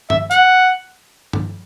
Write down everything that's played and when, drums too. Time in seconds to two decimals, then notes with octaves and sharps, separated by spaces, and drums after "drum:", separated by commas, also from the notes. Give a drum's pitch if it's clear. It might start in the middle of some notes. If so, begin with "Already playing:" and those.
0.10 E5, drum: tom G2
0.31 F#5, drum: hi-hat
1.33 drum: tom G2